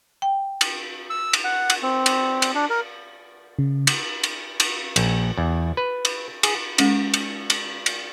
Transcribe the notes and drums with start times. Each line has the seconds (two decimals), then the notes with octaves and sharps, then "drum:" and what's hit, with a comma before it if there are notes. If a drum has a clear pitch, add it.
0.22 G5
0.61 drum: cymbal
1.10 E6
1.33 drum: cymbal
1.44 F#5
1.70 drum: cymbal
1.83 C4
2.06 drum: cymbal
2.42 drum: cymbal
2.55 D4
2.70 A#4
3.59 C#3
3.87 drum: cymbal
4.24 drum: cymbal
4.60 drum: cymbal
4.96 A#1, drum: cymbal
5.38 E2
5.77 B4
6.05 drum: cymbal
6.43 G#4, drum: cymbal
6.78 G#3 C#4, drum: cymbal
7.14 drum: cymbal
7.50 drum: cymbal
7.86 drum: cymbal